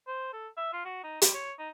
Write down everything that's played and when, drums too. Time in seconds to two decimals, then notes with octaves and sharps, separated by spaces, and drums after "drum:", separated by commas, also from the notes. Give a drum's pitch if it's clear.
0.07 C5
0.33 A4
0.57 E5
0.73 F4
0.85 F#4
1.04 D#4
1.22 G3, drum: hi-hat
1.34 C#5
1.59 D#4